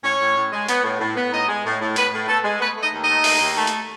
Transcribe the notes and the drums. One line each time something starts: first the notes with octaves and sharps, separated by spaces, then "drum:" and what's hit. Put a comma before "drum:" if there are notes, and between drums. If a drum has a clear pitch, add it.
A2 C#4 C#5
A2
A2
G#3
B3, drum: hi-hat
A2
A2
B3
A2 D#4 D#5
G#3
A2
A2
A2 B3 B4, drum: hi-hat
A2
A3 B3 A4
G#3
A3 B3 B4
A3 D#4 D#5
D#2
A3 D#4 D#5
D#2, drum: open hi-hat
D#2
A3
drum: hi-hat